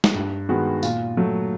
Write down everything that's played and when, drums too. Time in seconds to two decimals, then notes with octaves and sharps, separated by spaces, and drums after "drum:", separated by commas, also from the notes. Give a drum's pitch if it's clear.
0.04 drum: snare
0.14 G2
0.49 D#3 G#3 B3 F#4
0.83 A#2 F4, drum: tambourine
1.17 F#3 A3